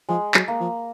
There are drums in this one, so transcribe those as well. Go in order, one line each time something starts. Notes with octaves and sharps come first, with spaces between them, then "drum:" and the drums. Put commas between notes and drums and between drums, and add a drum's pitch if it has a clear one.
F3 G#3
F#3, drum: clap
A#3
F3